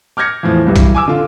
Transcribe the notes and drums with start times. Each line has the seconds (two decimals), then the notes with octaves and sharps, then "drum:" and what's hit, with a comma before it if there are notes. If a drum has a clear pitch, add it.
0.17 D6 F6 G6 G#6 A#6 C#7
0.43 E2 A2 F3
0.66 C2 G2 E3 F#3 G3
0.76 drum: kick, hi-hat
0.95 G#5 D6 E6
1.08 D3 F4